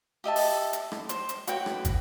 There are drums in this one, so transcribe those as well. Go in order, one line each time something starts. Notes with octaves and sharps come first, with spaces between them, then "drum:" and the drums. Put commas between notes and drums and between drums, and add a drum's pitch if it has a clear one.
G4 D#5 E5 A5
drum: open hi-hat
drum: hi-hat
drum: rim click
C5, drum: hi-hat
drum: hi-hat
F#4 B4 C#5 G5, drum: hi-hat
drum: rim click
drum: kick, hi-hat